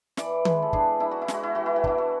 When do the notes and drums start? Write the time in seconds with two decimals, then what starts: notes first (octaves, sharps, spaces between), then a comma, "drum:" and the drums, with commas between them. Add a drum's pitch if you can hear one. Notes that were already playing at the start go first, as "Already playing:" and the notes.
0.17 E3 D5, drum: snare
0.45 G#3 B4, drum: tom D#3
0.62 A4
0.73 D4 G#4, drum: kick
1.00 D4 E4
1.11 F#4
1.22 E4
1.28 G#3, drum: snare
1.34 F#4
1.43 E4
1.55 E3 F#4
1.66 E4
1.76 F#4
1.84 D4 E4, drum: kick
1.98 F#4